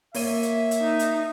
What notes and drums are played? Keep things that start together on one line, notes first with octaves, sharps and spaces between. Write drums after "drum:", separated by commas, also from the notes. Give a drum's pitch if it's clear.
A#3 C#5 E5 D#7, drum: open hi-hat
drum: hi-hat
drum: hi-hat
D#4
drum: hi-hat